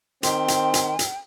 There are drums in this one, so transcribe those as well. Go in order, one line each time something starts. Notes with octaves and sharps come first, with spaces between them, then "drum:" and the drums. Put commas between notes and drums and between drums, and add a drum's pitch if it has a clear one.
D#3 C4 G5 C6, drum: hi-hat
drum: hi-hat
drum: hi-hat
drum: hi-hat